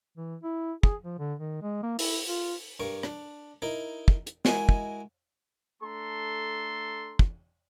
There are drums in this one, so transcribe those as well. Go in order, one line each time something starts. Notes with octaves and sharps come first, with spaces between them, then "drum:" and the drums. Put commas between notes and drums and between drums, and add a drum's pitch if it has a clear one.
E3
E4
G#4, drum: kick
F3
D3
D#3
G#3
A#3
E4, drum: open hi-hat
F4
G2 A#4 C#6
D4, drum: rim click
D#4 E4 A#4
drum: kick
drum: hi-hat
G#3 E4 F#4 A#4 D#5 G#5, drum: snare
drum: kick
A3 D4 A4 A#5 C6
drum: kick